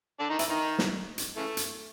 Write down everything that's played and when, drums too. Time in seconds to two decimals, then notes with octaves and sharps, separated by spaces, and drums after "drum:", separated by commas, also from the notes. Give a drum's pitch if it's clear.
0.20 D3 D4
0.30 D#3 D#4
0.39 E3 E4, drum: hi-hat
0.49 D#3 D#4
0.79 drum: snare
1.18 drum: hi-hat
1.37 C#3 E3 A3
1.57 drum: hi-hat